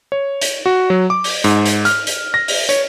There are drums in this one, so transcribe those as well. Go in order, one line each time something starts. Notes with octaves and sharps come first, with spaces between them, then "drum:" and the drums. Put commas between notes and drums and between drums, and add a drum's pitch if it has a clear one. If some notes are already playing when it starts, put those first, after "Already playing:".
C#5
drum: hi-hat
F#4
F#3
D6
drum: open hi-hat
G#2, drum: hi-hat
drum: hi-hat
F6, drum: hi-hat
drum: hi-hat
A#6
drum: open hi-hat
C#5, drum: hi-hat